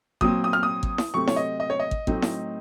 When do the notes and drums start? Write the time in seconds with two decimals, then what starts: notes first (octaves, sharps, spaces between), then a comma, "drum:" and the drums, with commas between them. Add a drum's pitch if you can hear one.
0.21 A#2 F#3 C4 D#6, drum: kick
0.44 D#6
0.53 F6
0.63 D#6
0.83 drum: kick
0.98 drum: snare E4
1.14 C3 F#3 A3 C4 C#6
1.27 C#5, drum: snare E4
1.36 D#5
1.60 D#5
1.70 C#5
1.80 D#5
1.91 drum: kick
2.07 A2 F#3 A3 C4 D#4, drum: kick
2.22 drum: snare E4